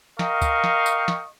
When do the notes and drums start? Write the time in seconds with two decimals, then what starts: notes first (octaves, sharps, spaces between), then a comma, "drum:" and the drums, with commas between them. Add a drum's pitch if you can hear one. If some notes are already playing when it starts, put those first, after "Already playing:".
0.19 A#4 D#5 F5 G5 C#6, drum: snare
0.42 drum: kick, tambourine
0.64 drum: snare
0.86 drum: tambourine
1.08 drum: snare